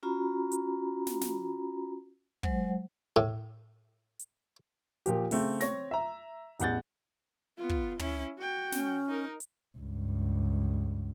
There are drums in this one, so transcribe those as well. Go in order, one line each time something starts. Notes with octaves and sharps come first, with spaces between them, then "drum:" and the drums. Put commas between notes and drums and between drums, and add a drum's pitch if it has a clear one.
C#4 F4 F#4 A#5 B5
drum: hi-hat
drum: snare
drum: snare
F#3 G#3 C5 F#5, drum: kick
A2
drum: hi-hat
A#2 F3 G4, drum: hi-hat
C#3 A3 C4, drum: open hi-hat
C4 C#5 A#6, drum: snare
E5 A#5
A1 E2 F#5 G6 A6, drum: hi-hat
B3 F4
drum: kick
C#4 E4, drum: tom
F#4 G5
C#4, drum: snare
D#4 A#4
drum: hi-hat
C#2 G2